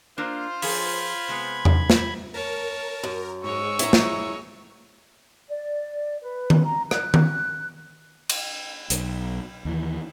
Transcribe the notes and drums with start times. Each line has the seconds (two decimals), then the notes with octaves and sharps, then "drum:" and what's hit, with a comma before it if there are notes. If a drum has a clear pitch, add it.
0.18 A#3 D4 F4 C5
0.62 F3 G#4 B5 G#6, drum: open hi-hat
1.28 C3 G#3 B3
1.65 drum: tom E2
1.90 drum: snare
2.34 A#4 C#5 A5
3.03 F#2
3.44 G#2 G#3 C#5 C#6 E6
3.79 E4 A#5, drum: hi-hat
3.93 drum: snare
5.48 D5
6.21 B4
6.50 drum: tom D#3
6.63 A#5
6.91 F#6, drum: rim click
7.14 drum: tom D#3
8.29 drum: cymbal
8.90 B1, drum: hi-hat
9.65 D#2 E3